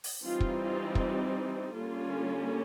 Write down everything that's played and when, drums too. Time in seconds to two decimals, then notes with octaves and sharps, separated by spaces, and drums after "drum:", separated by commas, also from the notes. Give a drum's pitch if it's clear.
0.04 drum: open hi-hat
0.23 E3 G3 C4 D#4 F4
0.40 drum: kick
0.61 F4
0.95 drum: kick
1.75 D3 G3 A#3 C#4 F4